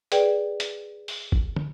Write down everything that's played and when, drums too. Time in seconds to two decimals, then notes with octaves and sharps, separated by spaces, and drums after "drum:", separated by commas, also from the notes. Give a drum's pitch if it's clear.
0.12 G#4 B4 D5 G5, drum: hi-hat
0.60 drum: hi-hat
1.08 drum: open hi-hat
1.32 drum: kick G1
1.56 drum: tom